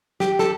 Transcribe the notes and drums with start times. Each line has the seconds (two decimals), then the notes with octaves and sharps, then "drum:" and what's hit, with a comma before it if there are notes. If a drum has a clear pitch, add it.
0.20 G4, drum: snare
0.39 A4, drum: snare